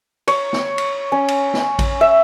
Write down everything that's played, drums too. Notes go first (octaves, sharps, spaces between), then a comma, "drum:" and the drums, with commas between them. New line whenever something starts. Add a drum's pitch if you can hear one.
C#5, drum: cymbal
drum: snare
drum: cymbal
C#4
drum: cymbal
drum: snare
drum: kick A1, cymbal
E5